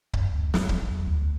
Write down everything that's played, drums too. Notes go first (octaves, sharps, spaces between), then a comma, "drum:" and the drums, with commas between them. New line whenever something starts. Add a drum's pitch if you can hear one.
F#2, drum: kick C#1
D2
F#3, drum: snare
G#1, drum: kick C#1
E2
D2